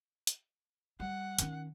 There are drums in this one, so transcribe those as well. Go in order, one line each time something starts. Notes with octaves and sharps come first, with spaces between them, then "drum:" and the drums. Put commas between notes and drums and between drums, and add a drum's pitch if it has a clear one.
drum: hi-hat
G3 F#5
D#3 C#4, drum: hi-hat